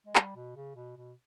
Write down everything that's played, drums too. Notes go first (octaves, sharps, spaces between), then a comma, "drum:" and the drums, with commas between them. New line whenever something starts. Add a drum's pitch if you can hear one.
G#3
G3, drum: clap
B2
C#3
B2
B2